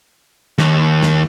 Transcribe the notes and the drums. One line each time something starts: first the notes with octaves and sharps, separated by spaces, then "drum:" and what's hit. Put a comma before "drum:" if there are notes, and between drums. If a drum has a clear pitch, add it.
D#2, drum: snare
drum: snare